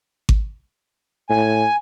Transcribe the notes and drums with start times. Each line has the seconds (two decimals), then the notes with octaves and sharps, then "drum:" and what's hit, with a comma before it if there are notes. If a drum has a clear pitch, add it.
0.29 drum: kick G#1
1.30 A2 G#5